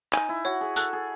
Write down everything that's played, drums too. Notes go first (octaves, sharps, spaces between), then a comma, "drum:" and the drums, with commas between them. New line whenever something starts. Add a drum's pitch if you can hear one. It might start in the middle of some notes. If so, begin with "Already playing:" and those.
D#4 G#5, drum: clap
E4
F#4 C#5
G#4
A4 F#6, drum: tambourine
G#4